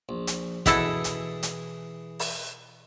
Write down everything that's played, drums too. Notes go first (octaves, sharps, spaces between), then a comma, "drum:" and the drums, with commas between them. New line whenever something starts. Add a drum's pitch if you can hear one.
A#1
drum: hi-hat
B2 E3 E4 G#4 A4, drum: kick, hi-hat
drum: hi-hat
drum: hi-hat
drum: open hi-hat